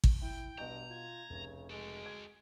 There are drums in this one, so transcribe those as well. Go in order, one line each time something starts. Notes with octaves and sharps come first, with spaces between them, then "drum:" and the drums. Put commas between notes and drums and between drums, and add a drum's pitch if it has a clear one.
drum: kick G#1
E4 G5
G2 B2 D#5 A#5 G6
F4 G#6
F1 C#3
G#3 F#4 A4 D7
G#6